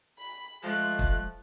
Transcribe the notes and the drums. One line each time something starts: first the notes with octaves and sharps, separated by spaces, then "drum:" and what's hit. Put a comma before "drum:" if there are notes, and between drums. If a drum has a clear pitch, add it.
B5
F3 G#3 A3 F#6
drum: kick